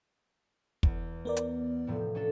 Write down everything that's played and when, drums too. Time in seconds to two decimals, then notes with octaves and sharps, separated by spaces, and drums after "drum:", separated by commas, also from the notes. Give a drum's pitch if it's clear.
0.83 E2, drum: kick
1.25 B3 A#4 D5
1.37 drum: hi-hat
1.87 A2 C3 F3
2.15 C#4 D4 A4